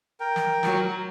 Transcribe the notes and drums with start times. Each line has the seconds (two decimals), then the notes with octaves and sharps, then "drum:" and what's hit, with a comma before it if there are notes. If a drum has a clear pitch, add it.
0.20 A#4 G5
0.36 drum: snare
0.63 F#3, drum: snare